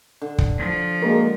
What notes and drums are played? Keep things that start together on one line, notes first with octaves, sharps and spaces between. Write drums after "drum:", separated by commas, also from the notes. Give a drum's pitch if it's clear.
D3
drum: kick
F3
G#3 A#3 F#4 A#4